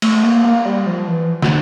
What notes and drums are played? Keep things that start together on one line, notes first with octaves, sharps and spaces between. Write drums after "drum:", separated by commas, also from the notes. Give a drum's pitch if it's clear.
A3, drum: cymbal
A#3
A#3
G3
F3
E3
drum: snare